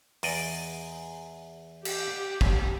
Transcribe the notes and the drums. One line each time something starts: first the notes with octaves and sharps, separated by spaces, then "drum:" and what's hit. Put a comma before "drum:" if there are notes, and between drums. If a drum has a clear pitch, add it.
E2 D5 D#5, drum: open hi-hat
G4, drum: cymbal
drum: kick